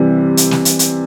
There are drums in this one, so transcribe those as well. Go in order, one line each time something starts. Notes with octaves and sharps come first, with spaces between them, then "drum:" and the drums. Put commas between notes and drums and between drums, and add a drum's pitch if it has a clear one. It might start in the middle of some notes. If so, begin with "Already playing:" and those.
Already playing: C3 E3 G3
drum: hi-hat
drum: snare
drum: hi-hat
drum: hi-hat